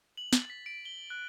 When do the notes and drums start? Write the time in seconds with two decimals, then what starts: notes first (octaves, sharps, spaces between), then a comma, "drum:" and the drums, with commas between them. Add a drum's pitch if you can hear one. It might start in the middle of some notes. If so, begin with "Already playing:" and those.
0.17 F#7
0.33 A6, drum: snare
0.50 B6
0.66 D7
0.85 G7
1.10 F#6